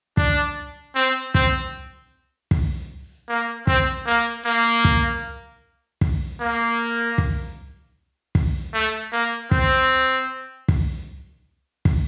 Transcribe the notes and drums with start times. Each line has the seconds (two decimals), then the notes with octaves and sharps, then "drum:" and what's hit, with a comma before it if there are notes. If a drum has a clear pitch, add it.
0.17 D4, drum: kick
0.95 C4
1.35 C4, drum: kick
2.51 drum: kick
3.29 A#3
3.67 C4, drum: kick
4.06 A#3
4.45 A#3
4.85 drum: kick
6.01 drum: kick
6.41 A#3
7.18 drum: kick
8.35 drum: kick
8.74 A3
9.12 A#3
9.51 C4, drum: kick
10.68 drum: kick
11.85 drum: kick